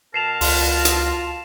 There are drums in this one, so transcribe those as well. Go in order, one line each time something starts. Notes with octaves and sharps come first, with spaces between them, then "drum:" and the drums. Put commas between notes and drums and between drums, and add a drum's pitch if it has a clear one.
B2 A#4 A5 C7 E7 F7
C#2 F4, drum: open hi-hat
drum: hi-hat